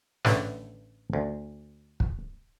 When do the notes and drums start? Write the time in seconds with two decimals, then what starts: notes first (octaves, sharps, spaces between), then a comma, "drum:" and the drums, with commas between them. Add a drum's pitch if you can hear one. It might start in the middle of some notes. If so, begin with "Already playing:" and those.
0.25 A1 D3 A3 B3 D4 D#5, drum: snare
1.13 D2
2.00 drum: kick